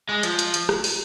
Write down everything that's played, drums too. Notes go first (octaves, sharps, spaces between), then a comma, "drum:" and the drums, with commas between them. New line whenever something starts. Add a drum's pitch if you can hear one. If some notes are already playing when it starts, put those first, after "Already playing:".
G#3
F3, drum: hi-hat
drum: hi-hat
drum: hi-hat
drum: rim click
drum: open hi-hat